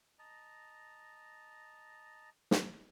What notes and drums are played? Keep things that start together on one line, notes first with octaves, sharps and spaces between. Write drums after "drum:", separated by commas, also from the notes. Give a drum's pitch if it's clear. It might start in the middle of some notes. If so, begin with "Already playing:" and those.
D#5 A5 A#5
drum: snare